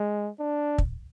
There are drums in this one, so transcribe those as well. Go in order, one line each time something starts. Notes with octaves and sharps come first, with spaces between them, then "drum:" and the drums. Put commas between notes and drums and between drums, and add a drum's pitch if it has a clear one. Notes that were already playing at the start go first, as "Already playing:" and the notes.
Already playing: G#3
D4
drum: kick